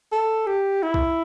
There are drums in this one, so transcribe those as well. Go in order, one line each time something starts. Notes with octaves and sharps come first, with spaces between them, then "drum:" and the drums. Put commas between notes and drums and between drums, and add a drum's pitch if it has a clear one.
A4
G4
E4
drum: kick B1